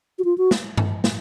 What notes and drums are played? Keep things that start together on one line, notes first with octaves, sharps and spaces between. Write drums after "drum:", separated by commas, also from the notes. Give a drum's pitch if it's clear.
F#4
F4
F#4
drum: snare
drum: tom G2
drum: snare